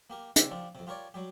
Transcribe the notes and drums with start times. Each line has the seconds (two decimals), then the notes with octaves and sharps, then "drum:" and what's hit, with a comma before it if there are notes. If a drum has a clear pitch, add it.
0.10 A#3 G4 A#4
0.36 C#3 C4 D5 E5, drum: hi-hat
0.51 F3 D4 F4 G4
0.75 F2 C3
0.87 F4 G4 A#4 C#5 D5
1.14 F#3 G3 G4